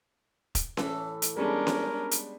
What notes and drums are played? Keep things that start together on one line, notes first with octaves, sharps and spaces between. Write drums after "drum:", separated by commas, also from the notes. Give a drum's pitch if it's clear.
drum: kick, hi-hat
A2 E3 A4, drum: snare C#4
drum: hi-hat
G3 G#3 B3 C#4 D4 A#4
drum: snare C#4
drum: hi-hat